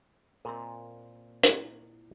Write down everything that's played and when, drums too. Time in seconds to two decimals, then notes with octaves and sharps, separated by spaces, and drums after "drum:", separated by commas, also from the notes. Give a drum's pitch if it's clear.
0.45 A#2 C4 A#4 D#5 C6
1.43 E4, drum: hi-hat